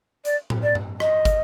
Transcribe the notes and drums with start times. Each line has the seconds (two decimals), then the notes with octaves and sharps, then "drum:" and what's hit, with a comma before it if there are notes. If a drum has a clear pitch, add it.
0.25 D5, drum: hi-hat
0.50 drum: tom A2
0.63 D5
0.75 drum: tom G2
1.00 D#5, drum: rim click
1.25 drum: kick, hi-hat